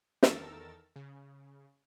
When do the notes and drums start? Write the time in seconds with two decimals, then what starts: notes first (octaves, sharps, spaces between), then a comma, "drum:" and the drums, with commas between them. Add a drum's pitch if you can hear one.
0.23 E2 D#3 A4 A#4 E6 A6, drum: snare
0.96 C#3